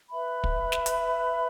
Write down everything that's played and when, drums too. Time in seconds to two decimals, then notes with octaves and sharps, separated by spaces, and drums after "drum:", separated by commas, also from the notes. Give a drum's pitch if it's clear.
0.10 B4 E5 B5
0.44 drum: kick
0.72 drum: snare
0.86 drum: hi-hat